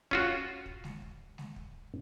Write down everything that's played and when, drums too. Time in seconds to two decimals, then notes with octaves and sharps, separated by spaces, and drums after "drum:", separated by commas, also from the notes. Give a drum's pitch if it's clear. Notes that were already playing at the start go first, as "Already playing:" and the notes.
0.11 C#4 F4 F#4, drum: kick
0.66 drum: kick
0.84 drum: snare
1.02 drum: kick
1.38 drum: snare
1.56 drum: kick